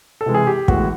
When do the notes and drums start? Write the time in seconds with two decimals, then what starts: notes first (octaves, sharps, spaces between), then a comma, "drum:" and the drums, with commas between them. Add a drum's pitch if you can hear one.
0.21 A4
0.26 C3 E3 G#3
0.34 G#4
0.47 G4
0.68 A2 E3 G#3 B3 F#4, drum: kick